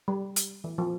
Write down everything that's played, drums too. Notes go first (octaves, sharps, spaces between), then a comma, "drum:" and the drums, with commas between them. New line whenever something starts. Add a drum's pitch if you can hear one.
G3
drum: hi-hat
E3
F3